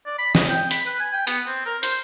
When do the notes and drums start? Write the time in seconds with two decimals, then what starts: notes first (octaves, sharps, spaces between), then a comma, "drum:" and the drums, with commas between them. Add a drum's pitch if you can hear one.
0.06 D5
0.19 B5
0.35 D#5, drum: snare
0.49 G5
0.71 B5, drum: hi-hat
0.86 B4
1.00 G#5
1.13 G5
1.27 B3, drum: hi-hat
1.47 C4
1.66 A#4
1.83 C5, drum: hi-hat